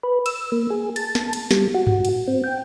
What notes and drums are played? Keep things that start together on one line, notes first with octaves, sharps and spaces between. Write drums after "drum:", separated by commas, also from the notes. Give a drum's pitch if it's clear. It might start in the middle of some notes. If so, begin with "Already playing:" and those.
B4
E6, drum: cymbal
A#3
G#4
A5, drum: cymbal
drum: snare
drum: cymbal
G3, drum: snare
F#4
drum: tom G2
drum: cymbal
C4
G5